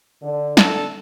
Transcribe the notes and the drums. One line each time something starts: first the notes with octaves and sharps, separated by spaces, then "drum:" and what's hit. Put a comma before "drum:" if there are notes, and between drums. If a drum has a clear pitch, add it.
D3
D3 A4, drum: snare